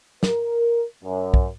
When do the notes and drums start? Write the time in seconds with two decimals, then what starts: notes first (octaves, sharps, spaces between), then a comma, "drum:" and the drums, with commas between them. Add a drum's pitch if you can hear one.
0.23 A#4, drum: snare
1.04 F#2
1.34 drum: kick